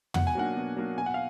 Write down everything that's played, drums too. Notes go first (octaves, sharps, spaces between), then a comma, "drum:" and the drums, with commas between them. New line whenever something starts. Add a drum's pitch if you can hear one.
B2 F#5, drum: tom
G#5
F#3 A#3 D4 F#5
B2
F#3 A#3 D4
B2 G#5
F#5
F5